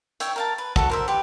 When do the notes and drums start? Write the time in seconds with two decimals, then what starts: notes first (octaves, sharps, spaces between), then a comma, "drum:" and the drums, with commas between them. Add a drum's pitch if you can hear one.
0.20 C#5 E5 G5, drum: hi-hat
0.36 A#4 F5 A5
0.58 B4
0.76 F#4 A4 F#5, drum: kick
0.90 A#4 C5 E5
1.08 G4 B4